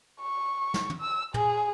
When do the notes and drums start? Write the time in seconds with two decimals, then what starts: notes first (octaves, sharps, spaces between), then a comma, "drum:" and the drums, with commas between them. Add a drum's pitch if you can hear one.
0.21 C#6
0.74 drum: snare
0.90 drum: tom
1.01 E6
1.34 G#4, drum: tom